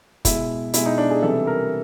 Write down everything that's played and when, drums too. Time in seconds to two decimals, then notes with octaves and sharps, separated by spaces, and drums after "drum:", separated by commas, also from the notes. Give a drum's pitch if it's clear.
0.25 B2 G#3 E4, drum: kick, hi-hat
0.74 B2 G#3 E4, drum: hi-hat
0.86 D#4
0.98 D4
1.11 G#4
1.22 C3 E3 G3 A4
1.47 A#4